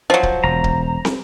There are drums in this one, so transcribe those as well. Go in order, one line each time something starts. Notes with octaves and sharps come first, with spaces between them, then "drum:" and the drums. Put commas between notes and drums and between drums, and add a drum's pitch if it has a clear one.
F3 F#3 C5
drum: kick C#1
E1 A#5
drum: kick C#1
drum: snare